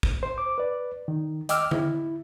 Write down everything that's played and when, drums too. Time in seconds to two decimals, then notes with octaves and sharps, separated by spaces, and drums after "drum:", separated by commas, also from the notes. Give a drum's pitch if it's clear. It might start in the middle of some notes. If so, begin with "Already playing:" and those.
0.03 drum: kick
0.23 C5
0.38 D6
0.58 B4 D5
1.08 D#3
1.49 D#5 G5 D6 E6 F6, drum: hi-hat
1.71 E4, drum: tom D3